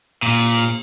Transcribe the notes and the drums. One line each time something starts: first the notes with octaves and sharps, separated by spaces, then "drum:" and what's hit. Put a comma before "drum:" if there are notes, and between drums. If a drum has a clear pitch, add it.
A#2, drum: cymbal
drum: cymbal
drum: cymbal